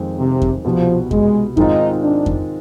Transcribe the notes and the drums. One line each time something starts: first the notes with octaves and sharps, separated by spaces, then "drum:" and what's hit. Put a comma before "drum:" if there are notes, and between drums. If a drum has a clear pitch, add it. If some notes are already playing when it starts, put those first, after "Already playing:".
Already playing: F2 D#3 G#3 C4
C3
drum: kick F2
C2 B2 F3 G3 B3
G#3, drum: kick F2
G#2 D#3 G#3 C4 D#4 F4, drum: kick F2
D4
drum: kick F2